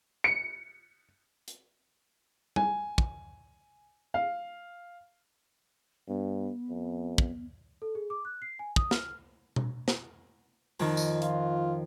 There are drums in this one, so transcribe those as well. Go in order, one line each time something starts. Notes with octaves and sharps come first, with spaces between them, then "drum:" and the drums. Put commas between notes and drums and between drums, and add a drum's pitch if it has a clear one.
C#7
drum: hi-hat
G#5, drum: tom G3
drum: kick
F5
G2 B3
F2
drum: kick
A4
G#4
D6
F#6
C7
G#5
D#6, drum: kick
F6, drum: snare
drum: tom B2
drum: snare
F2 D#3, drum: open hi-hat
drum: tambourine
F4, drum: hi-hat